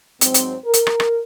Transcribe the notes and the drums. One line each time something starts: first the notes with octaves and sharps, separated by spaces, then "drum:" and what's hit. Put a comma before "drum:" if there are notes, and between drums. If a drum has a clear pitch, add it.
G#2 F#3 C4, drum: hi-hat
drum: hi-hat
A#4
drum: hi-hat
drum: rim click
drum: rim click